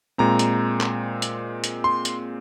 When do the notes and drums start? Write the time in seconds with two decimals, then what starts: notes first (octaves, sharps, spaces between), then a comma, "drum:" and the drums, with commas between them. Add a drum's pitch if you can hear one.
0.18 A#2 G#3 C4 A#5
0.39 drum: hi-hat
0.81 drum: clap
1.22 drum: hi-hat
1.64 drum: hi-hat
1.84 C6
2.05 drum: hi-hat